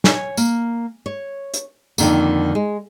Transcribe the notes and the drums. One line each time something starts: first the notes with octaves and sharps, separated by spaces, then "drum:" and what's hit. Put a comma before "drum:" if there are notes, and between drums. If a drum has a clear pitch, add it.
C#5 G#5, drum: snare
A#3, drum: tambourine
C#5
drum: hi-hat
F2 D3 D#3 A#3, drum: tambourine
G#3